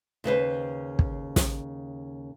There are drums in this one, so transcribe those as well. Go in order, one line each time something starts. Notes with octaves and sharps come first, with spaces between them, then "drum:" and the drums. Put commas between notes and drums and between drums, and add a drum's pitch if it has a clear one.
D#2 C#3 B4 C5
drum: kick
drum: snare